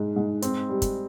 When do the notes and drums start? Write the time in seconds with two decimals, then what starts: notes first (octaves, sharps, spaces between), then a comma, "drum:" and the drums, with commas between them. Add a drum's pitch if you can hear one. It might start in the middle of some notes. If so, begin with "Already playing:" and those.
Already playing: G#2
0.16 G#2
0.42 C4, drum: hi-hat
0.69 G3
0.82 drum: kick, hi-hat